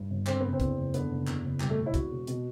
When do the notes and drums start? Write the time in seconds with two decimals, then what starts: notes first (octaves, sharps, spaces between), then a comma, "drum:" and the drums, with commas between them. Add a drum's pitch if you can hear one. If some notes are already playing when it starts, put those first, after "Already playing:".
Already playing: G2
0.10 G1
0.27 D3 C4, drum: clap
0.40 F#1 B3
0.53 C4
0.60 E2, drum: kick, hi-hat
0.77 F#1
0.94 D3 B3, drum: hi-hat
1.10 F#1
1.27 E2, drum: clap
1.44 F#1
1.60 B2 G3, drum: clap
1.70 A3
1.78 E1
1.86 E4
1.94 E2 F#4, drum: kick, hi-hat
2.11 E1
2.27 B2, drum: hi-hat